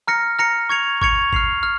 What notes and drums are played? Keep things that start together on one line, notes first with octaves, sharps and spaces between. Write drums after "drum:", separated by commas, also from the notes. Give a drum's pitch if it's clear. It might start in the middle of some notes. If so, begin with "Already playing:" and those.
A#5 F6 A#6 C#7
A#5 F6 A#6 C#7
C#6 G#6 C#7 F7
C#6 G#6 C#7 F7, drum: kick G#1
F6 C7 F7, drum: kick G#1
F6